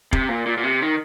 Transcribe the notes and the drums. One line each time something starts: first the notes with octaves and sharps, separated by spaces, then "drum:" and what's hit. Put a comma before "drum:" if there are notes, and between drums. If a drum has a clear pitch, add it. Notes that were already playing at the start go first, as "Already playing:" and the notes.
C3, drum: kick
A#2
A#2
A#2
C3
D#3